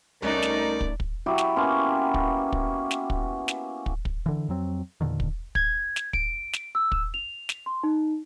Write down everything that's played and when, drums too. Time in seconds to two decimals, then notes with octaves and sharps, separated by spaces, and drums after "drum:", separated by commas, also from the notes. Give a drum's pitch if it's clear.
0.22 C2 A3 C#4 D#4 A#4 D5 F#6
0.42 drum: snare
0.81 drum: kick
1.00 drum: kick
1.26 F#3 E4 G4
1.38 drum: snare
1.56 A#3 B3 C#4 C6
2.14 drum: kick
2.52 drum: kick
2.91 drum: snare
3.10 drum: kick
3.48 drum: snare
3.86 drum: kick
4.05 drum: kick
4.26 D3 E3
4.49 F2 F#3 C4
5.01 E2 A#2 D3 D#3
5.20 drum: kick
5.55 G#6, drum: kick
5.96 drum: snare
6.13 D7, drum: kick
6.53 drum: snare
6.75 E6
6.92 drum: kick
7.14 F7
7.49 drum: snare
7.66 C6
7.84 D#4